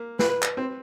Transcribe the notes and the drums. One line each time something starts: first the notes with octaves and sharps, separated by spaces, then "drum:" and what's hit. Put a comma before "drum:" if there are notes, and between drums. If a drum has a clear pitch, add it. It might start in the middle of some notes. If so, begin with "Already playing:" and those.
Already playing: A#3
B4, drum: snare
drum: clap
C4